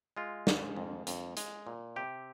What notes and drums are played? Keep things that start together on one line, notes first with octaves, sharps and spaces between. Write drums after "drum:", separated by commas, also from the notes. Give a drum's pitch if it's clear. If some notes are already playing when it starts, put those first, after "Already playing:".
G#3 F4
G#2, drum: snare
F2
F2, drum: hi-hat
G#3, drum: hi-hat
A#2
C3 G4